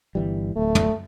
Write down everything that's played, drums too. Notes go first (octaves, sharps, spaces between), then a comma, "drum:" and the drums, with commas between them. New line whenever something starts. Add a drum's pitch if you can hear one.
G1 E3 G3
D1 A3
drum: tom